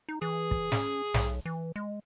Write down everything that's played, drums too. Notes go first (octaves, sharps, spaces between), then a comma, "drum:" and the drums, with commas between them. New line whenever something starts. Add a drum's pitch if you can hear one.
D#4
E3 G#4
drum: kick
C#4, drum: snare
B1, drum: snare
E3
G#3